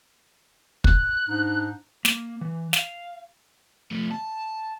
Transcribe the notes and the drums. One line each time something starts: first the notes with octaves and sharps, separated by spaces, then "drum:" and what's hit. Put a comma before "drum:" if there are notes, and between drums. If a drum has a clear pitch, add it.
F#6, drum: kick
G#2 D4 D#4
A#3, drum: snare
E3
F5, drum: snare
F3 A3
A5